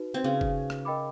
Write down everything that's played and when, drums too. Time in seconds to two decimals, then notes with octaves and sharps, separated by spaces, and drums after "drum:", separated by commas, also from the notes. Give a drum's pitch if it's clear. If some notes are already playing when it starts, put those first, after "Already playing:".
Already playing: D#4 F#4 B4
0.14 C4
0.24 C#3 C#4
0.41 drum: kick F#1
0.70 drum: rim click
0.85 A#4 D#5 G5 B5 D6